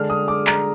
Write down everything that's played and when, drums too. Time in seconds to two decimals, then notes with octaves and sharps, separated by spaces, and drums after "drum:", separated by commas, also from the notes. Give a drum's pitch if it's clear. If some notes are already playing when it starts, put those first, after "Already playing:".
Already playing: D3 G#3 D4 F6
0.10 D#6
0.28 D6
0.47 A#5, drum: clap